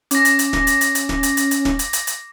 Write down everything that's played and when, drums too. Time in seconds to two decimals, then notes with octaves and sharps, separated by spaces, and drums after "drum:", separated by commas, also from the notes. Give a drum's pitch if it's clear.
0.11 C#4 D6 A#6, drum: hi-hat
0.25 drum: hi-hat
0.39 drum: hi-hat
0.53 drum: snare
0.67 drum: hi-hat
0.81 drum: hi-hat
0.95 drum: hi-hat
1.09 drum: snare
1.23 drum: hi-hat
1.37 drum: hi-hat
1.51 drum: hi-hat
1.65 drum: snare
1.79 drum: hi-hat
1.93 drum: hi-hat
2.07 drum: hi-hat